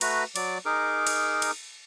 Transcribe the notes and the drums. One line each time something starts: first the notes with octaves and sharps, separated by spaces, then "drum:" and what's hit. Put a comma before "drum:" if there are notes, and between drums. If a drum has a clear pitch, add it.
A3 F#4 B4 A#5, drum: cymbal
F#3 D5 D6, drum: cymbal
D#4 G#4 A#4 D6
drum: cymbal
drum: cymbal